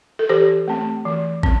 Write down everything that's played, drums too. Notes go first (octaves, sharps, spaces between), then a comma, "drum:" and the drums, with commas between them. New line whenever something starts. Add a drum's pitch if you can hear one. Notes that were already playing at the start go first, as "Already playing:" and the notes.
A4
E3 G4 C5
A3 C4
E3
C4, drum: kick